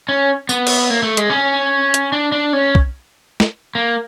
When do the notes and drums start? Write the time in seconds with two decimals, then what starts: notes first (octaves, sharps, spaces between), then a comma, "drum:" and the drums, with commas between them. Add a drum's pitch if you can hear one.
0.09 C#4
0.49 B3, drum: tambourine
0.67 drum: cymbal
0.90 A#3
1.03 A3
1.17 G#3, drum: hi-hat
1.30 C#4
1.94 drum: hi-hat
2.12 D4
2.32 D4
2.53 C#4
2.75 drum: kick
3.40 drum: snare
3.75 A#3